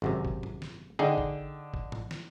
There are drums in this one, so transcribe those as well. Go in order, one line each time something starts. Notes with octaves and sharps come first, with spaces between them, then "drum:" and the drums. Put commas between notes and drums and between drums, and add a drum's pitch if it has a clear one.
G#1 F#2 C3
drum: kick G#1
drum: tom G#2
drum: snare
D3 D#4 G#4 D#5 G5
drum: kick G#1
drum: kick G#1
drum: tom G#2
drum: snare